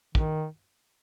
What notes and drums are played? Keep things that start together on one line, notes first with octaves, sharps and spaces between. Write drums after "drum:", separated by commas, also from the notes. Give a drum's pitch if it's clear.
D#3, drum: kick